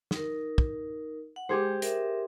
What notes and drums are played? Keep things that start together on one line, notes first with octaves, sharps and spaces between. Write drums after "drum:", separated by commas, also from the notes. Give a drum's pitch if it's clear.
D#4 A#4, drum: snare
drum: kick
F#5
G#3 G4 G#4 C5
A#4 E5, drum: hi-hat